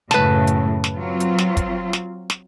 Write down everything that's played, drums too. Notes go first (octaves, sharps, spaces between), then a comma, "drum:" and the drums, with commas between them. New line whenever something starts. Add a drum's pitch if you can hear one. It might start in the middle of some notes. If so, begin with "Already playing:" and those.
F#2 A2 C#3 B4 A5, drum: snare
drum: hi-hat
drum: snare
F#3 C4 F4
drum: hi-hat
drum: snare
drum: kick, hi-hat
drum: snare
drum: snare